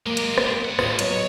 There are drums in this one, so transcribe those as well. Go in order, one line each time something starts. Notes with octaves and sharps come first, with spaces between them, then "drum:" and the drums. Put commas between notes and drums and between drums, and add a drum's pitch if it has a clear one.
G#3 A#3 G4
drum: hi-hat
drum: rim click
G2 F#5
D2 A2 F4 G#4, drum: rim click
B2 F#3 C#5, drum: hi-hat